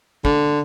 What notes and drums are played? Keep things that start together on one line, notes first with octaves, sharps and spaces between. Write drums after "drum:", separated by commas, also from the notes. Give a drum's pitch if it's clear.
D3, drum: kick